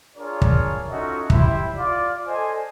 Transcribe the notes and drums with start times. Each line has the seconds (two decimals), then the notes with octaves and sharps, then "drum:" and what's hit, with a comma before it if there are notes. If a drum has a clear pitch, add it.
0.16 D4 F4 G#4 A#4 C#5 D5
0.42 drum: kick
0.89 C#4 D#4 F4 F#4 A4 E5
1.30 E4 G4 C5 E5, drum: kick
1.75 F4 D5
2.27 A4 C5 D5 D#5 G#5